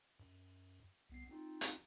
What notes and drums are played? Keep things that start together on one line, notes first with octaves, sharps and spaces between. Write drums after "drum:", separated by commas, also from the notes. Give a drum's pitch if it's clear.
F#2
C2 B3 C7
C4 D#4 F4
drum: hi-hat